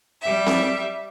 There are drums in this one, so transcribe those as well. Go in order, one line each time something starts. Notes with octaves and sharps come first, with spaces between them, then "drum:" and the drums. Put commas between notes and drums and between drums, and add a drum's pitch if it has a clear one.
G3 G4 E5
drum: snare C4